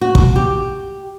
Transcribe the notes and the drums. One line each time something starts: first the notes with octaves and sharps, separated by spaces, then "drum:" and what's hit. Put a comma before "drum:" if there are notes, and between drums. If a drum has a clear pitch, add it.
F#4
drum: kick
G4